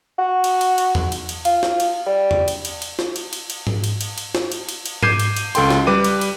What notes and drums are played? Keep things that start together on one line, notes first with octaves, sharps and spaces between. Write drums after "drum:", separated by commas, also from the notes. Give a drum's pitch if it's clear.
F#4
drum: cymbal
drum: cymbal
drum: cymbal
drum: tom E2
drum: cymbal
drum: cymbal
F4, drum: cymbal
drum: snare
drum: cymbal
G3
drum: tom E2
drum: cymbal
drum: cymbal
drum: cymbal
drum: snare
drum: cymbal
drum: cymbal
drum: cymbal
drum: tom G#2
drum: cymbal
drum: cymbal
drum: cymbal
drum: snare
drum: cymbal
drum: cymbal
drum: cymbal
D6 G6 G#6 C7 D#7 E7, drum: tom G#2
drum: cymbal
drum: cymbal
C#2 A4 G5 C6, drum: cymbal
drum: snare
G3 B4 D6 D#7
drum: cymbal
drum: cymbal